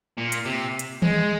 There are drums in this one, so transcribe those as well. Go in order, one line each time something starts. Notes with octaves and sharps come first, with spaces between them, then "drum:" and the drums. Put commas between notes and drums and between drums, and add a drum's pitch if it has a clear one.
A#2
drum: hi-hat
C3
drum: hi-hat
G#3, drum: tom D#3